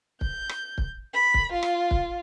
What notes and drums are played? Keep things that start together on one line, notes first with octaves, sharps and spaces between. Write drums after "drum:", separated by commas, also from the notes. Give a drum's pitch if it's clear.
G6, drum: kick
drum: rim click
drum: kick
B5
drum: kick
F4
drum: rim click
drum: kick